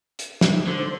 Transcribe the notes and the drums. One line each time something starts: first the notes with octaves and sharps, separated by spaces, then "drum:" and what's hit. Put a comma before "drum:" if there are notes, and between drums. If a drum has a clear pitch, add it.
drum: hi-hat
drum: snare
D#4
D3 C5